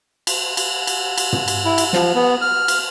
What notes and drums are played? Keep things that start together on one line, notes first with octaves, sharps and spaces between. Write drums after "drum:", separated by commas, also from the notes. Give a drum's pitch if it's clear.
drum: cymbal
drum: cymbal
drum: cymbal
drum: cymbal
drum: tom
drum: cymbal
E4
drum: cymbal
F3, drum: snare
B3
F6
drum: cymbal